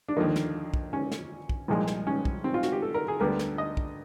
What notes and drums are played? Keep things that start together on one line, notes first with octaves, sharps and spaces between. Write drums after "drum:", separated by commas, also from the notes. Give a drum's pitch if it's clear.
D4
D#2 D3 F3 A#3 D#4
drum: snare
drum: kick
C#4
drum: snare
drum: kick
C2 A#2 F3 G#3
drum: snare
C#4
drum: kick
C4
F4
F#4, drum: snare
G4
A4
A#4
G#4
D2 D3 G3 B3 A#4
drum: snare
D#5
drum: kick